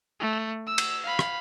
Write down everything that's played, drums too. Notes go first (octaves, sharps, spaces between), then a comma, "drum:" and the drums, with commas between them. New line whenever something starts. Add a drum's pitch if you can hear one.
A3
E6
drum: cymbal
F5 B5
drum: rim click